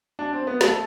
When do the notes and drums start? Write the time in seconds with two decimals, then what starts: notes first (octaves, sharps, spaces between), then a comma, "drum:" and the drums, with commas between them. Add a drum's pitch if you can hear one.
0.19 D4
0.33 C4
0.47 B3
0.61 A3, drum: snare